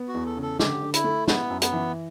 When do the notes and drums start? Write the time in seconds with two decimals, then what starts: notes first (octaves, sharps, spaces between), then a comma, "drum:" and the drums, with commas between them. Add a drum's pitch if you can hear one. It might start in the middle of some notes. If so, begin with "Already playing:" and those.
Already playing: B3
0.08 F#4
0.14 E2
0.25 A4
0.37 C#3
0.42 A4
0.59 D3 G4, drum: snare
0.82 D3
0.94 E4, drum: hi-hat
1.04 A3
1.28 B3 E4, drum: snare
1.50 F#2
1.62 B3, drum: hi-hat
1.73 E3